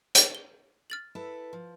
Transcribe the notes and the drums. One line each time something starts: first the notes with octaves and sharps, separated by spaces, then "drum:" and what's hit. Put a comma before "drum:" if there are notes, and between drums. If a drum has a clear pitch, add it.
drum: hi-hat
G7
F6 A6 F#7
E4 A4 B4
F3